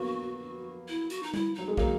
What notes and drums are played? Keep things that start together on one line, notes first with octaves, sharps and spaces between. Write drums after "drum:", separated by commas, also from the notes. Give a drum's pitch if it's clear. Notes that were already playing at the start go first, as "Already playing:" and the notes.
Already playing: F#3 A#3 B3 F#4
E4
F#4, drum: hi-hat
D#4
E4, drum: tom G3
F#3 D#4
G#3
F#3 A#3 D#4, drum: kick